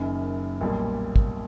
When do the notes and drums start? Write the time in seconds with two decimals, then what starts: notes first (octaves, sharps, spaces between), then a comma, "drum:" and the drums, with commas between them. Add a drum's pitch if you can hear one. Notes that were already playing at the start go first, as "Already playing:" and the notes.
Already playing: F#1 F#2 D#3
0.61 B1 A#2 G3 A#3
1.16 drum: kick